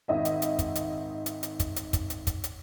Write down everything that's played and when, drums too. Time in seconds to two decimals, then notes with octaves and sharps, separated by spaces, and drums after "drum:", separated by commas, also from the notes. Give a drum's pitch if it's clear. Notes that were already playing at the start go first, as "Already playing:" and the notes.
0.08 G#1 D#5 E5
0.25 drum: hi-hat
0.42 drum: hi-hat
0.59 drum: kick, hi-hat
0.75 drum: hi-hat
1.26 drum: hi-hat
1.43 drum: hi-hat
1.60 drum: kick, hi-hat
1.76 drum: hi-hat
1.93 drum: kick, hi-hat
2.10 drum: hi-hat
2.27 drum: kick, hi-hat
2.44 drum: hi-hat